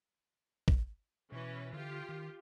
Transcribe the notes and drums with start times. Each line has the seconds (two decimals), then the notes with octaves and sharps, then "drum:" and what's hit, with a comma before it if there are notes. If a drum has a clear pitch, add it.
0.68 drum: kick A#1
1.32 B2 E3 C#4 B4
1.73 D3 F4 G4
2.09 D#3